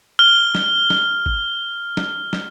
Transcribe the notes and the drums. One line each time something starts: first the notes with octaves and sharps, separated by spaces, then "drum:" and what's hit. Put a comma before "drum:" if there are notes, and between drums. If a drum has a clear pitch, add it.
F6 G7
drum: snare
drum: snare
drum: kick G#1
drum: snare
drum: snare